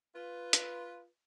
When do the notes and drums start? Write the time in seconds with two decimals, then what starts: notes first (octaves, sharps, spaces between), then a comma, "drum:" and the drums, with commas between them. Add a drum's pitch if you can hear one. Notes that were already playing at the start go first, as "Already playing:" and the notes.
0.15 F4 B4
0.53 drum: hi-hat